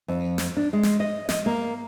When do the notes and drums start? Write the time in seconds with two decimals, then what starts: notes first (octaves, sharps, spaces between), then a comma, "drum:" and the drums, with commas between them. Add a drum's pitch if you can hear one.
0.08 F2
0.38 drum: snare
0.57 D4
0.73 G#3
0.83 drum: snare
1.00 D#5
1.29 D#5, drum: snare
1.46 A#3